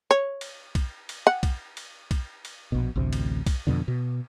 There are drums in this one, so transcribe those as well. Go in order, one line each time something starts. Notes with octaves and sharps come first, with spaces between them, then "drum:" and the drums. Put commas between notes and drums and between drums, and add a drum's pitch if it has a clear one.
C#5
drum: cymbal
drum: kick B1, cymbal
drum: cymbal
F#5
drum: kick B1, cymbal
drum: cymbal
drum: kick B1, cymbal
drum: cymbal
A#1 B2
A1 D2 C3
drum: cymbal
drum: kick B1, cymbal
F2 G#2 B2 D3
B2